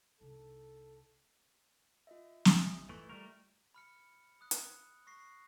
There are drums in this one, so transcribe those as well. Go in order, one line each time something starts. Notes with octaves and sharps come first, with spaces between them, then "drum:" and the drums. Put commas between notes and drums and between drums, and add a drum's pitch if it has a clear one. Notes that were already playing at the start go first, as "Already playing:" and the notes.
C2 D#4 A4
F4 D#5 E5
drum: snare
E3 A3
G3 A3 A#4
B5 F6 C#7
D#6 F#6
drum: hi-hat
C#6 A#6 C7